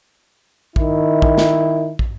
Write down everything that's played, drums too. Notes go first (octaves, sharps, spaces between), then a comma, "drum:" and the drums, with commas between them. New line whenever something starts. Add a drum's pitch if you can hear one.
D#3 E4, drum: kick
drum: kick
drum: snare
drum: kick